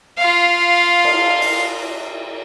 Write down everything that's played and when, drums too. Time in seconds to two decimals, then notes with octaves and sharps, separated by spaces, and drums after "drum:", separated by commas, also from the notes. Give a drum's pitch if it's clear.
0.18 F4 F5
1.05 drum: cymbal
1.41 drum: open hi-hat